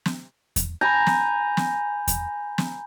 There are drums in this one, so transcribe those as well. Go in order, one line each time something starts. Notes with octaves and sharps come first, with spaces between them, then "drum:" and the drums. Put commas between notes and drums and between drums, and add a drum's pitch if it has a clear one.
drum: snare
drum: kick E2, hi-hat
G#5 A#5 B5 G6
drum: snare
drum: snare
drum: kick E2, hi-hat
drum: snare